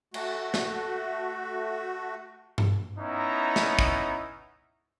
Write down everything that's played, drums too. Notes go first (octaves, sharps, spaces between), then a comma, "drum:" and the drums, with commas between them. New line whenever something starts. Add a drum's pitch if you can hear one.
A3 F#4, drum: cymbal
drum: snare
drum: tom G2
B3 C#4 D#4 E4 A#5
drum: snare
drum: kick